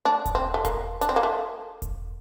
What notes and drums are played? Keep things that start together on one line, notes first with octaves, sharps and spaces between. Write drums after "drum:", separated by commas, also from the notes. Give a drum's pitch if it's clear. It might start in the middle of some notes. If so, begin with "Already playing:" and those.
D4, drum: tom A3
drum: kick E1, hi-hat
C4
A3
A#3, drum: kick E1, hi-hat
D4, drum: hi-hat
C4
A#3
A3
drum: kick E1, hi-hat